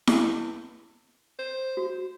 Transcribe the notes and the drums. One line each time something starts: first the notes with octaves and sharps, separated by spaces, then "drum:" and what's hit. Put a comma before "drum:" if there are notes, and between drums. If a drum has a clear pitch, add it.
drum: snare E4
C5
F#4